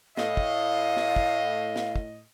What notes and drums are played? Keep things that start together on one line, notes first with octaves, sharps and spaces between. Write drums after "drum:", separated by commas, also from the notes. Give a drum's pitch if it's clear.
A2 D#5 F5, drum: snare
drum: kick
drum: snare
drum: kick
drum: snare
drum: kick